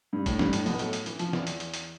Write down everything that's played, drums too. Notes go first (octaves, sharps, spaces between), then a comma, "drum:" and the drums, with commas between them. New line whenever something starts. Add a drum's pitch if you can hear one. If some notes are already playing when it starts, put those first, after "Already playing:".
G2
A2, drum: kick G1, hi-hat
G2, drum: snare
A2, drum: hi-hat
B1 B2, drum: open hi-hat
B3
A2 A3, drum: hi-hat
drum: hi-hat
E3, drum: hi-hat
F3, drum: hi-hat
E2 E3, drum: snare
drum: hi-hat
drum: hi-hat
drum: hi-hat